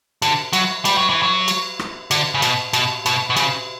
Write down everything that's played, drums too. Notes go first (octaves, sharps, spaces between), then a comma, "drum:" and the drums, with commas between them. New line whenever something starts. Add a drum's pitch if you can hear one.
D3, drum: cymbal
F#3, drum: cymbal
G3, drum: cymbal
F#3
E3
F#3
drum: cymbal
drum: rim click
D3, drum: cymbal
C#3
B2, drum: cymbal
B2, drum: cymbal
B2, drum: cymbal
B2
C#3, drum: cymbal